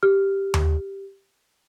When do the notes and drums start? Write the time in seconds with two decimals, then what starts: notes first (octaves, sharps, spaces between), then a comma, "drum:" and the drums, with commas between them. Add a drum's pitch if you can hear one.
0.03 G4 F6
0.54 drum: tom D#2